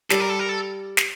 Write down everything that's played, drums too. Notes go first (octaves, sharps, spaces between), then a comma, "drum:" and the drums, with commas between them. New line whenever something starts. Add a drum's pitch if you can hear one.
G3 A4, drum: snare
A#4
A4
A#4
A4
drum: snare